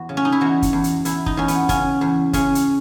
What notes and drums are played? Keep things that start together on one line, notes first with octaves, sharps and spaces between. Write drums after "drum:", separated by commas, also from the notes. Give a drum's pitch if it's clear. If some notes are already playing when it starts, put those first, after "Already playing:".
Already playing: E2 F#4
C#3
C#4
D#4
E4
E2 F#4
drum: kick F#1, hi-hat
E2
drum: hi-hat
E2 E4, drum: hi-hat
D#4, drum: kick F#1
E2 C#4
B3, drum: hi-hat
C#3 C#4, drum: kick F#1, hi-hat
E2
C#3 C#4, drum: kick F#1, hi-hat
drum: hi-hat